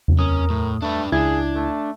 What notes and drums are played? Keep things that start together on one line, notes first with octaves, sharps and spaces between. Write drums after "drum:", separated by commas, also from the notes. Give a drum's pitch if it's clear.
drum: tom E2
C#4 A#4 D#6
A2
A3 D4 B4
C#2 D4 E4 G#4 G#6
A3